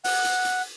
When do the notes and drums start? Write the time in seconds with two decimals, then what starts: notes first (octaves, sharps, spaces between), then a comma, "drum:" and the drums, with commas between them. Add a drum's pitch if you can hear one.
0.04 F#5, drum: open hi-hat
0.25 drum: hi-hat
0.45 drum: hi-hat